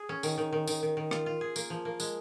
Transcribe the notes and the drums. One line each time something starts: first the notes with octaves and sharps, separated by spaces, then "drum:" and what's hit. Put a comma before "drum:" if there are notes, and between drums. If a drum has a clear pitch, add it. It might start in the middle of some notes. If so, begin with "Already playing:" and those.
Already playing: G#4
C#4
D#3, drum: tambourine
D#3
D#3
D#3, drum: tambourine
D#3
D#3
F4, drum: rim click
F4
G#4
A#3, drum: tambourine
F3
A#3
G#3, drum: tambourine